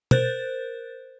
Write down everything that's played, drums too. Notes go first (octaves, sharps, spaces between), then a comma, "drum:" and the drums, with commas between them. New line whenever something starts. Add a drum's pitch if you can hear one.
A#4 C5 F#6 G6 A6, drum: tom